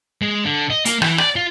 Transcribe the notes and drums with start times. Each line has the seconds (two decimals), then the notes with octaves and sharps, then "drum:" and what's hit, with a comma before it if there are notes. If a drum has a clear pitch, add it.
0.22 G#3
0.45 D3
0.70 D#5
0.85 A#3, drum: hi-hat
1.02 E3, drum: rim click
1.18 D5, drum: rim click
1.36 F4